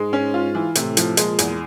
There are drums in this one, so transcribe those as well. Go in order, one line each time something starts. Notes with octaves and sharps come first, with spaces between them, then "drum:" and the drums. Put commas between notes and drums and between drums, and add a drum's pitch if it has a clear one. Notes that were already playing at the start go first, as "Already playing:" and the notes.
Already playing: G#2 G#3
C#4
F4
E3
A2 C3, drum: hi-hat
F3, drum: hi-hat
A#2 G#3, drum: hi-hat
E2, drum: hi-hat